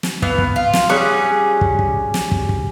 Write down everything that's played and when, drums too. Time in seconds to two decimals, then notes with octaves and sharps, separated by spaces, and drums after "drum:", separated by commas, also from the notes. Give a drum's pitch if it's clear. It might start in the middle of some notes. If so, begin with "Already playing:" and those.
0.03 drum: snare
0.22 E3 B3 F5, drum: kick
0.38 drum: kick
0.56 F4
0.73 drum: snare
0.89 G3 C#4 F#4 G#4
1.61 drum: kick
1.79 drum: kick
2.14 drum: snare
2.31 drum: kick
2.49 drum: kick